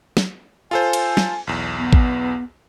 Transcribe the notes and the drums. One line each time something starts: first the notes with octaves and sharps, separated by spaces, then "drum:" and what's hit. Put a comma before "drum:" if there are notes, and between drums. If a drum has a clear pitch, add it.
drum: snare
F4 A4 C5 G#5
drum: cymbal
drum: snare
B1 E2
B3
drum: kick A1